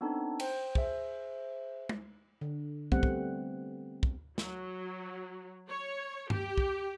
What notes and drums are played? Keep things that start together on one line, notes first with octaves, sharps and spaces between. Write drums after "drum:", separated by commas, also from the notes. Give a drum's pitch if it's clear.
B3 C4 D4 D#4 A4
C5 G5, drum: cymbal
G#4 C5 E5, drum: kick
drum: tom
D3
G3 A3 B3 C4 F#5, drum: kick
drum: kick
drum: kick
F#3, drum: snare
C#5
G4, drum: tom
drum: kick